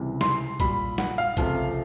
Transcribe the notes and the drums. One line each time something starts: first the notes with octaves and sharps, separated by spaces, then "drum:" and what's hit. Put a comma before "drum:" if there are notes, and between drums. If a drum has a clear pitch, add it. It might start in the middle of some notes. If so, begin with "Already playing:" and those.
Already playing: C#2 C3 E3 G3
C6, drum: snare
A#2 G3 B5, drum: kick A#1, hi-hat
F#5, drum: snare
F5
C#2 C3 F3 A3, drum: kick A#1, hi-hat